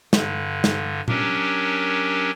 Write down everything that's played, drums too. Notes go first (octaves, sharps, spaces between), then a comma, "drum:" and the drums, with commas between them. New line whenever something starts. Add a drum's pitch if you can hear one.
G2 D3, drum: snare
drum: snare
F#3 C#4 D4 G4 A#4, drum: tom A#2